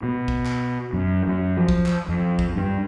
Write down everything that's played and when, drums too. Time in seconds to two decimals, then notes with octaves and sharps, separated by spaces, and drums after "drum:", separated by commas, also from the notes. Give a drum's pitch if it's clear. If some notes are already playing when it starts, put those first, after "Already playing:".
0.03 B2
0.28 drum: kick
0.46 drum: clap
0.93 F#2
1.27 F#2
1.57 F3
1.69 drum: kick
1.86 drum: clap
2.08 F2
2.39 drum: kick
2.56 G2